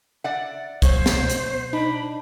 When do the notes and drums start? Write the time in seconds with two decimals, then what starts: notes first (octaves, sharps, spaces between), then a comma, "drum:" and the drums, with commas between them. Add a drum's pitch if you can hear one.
0.24 D5 E5 F#5
0.82 A#2 F#3 C5 C#5, drum: kick, hi-hat
1.06 drum: snare
1.20 B2
1.30 drum: hi-hat
1.73 D4 D#4 B5